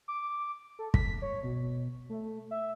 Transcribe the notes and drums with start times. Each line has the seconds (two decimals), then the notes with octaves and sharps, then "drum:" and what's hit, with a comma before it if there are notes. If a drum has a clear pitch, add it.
0.08 D6
0.79 A4
0.94 B6, drum: kick
1.22 C#5
1.43 B2
2.10 A3
2.51 E5